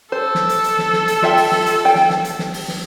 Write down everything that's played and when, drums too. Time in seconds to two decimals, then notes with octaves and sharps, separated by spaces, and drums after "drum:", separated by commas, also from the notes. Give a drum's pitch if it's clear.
0.12 A4 C5
0.35 drum: snare
0.49 drum: hi-hat
0.64 drum: hi-hat
0.79 drum: snare
0.93 drum: snare
1.08 drum: hi-hat
1.22 F4 E5 G5, drum: snare
1.37 drum: open hi-hat
1.52 drum: snare
1.66 drum: hi-hat
1.85 G5
1.95 drum: snare
2.10 drum: snare
2.25 drum: hi-hat
2.39 drum: snare
2.54 drum: open hi-hat
2.68 drum: snare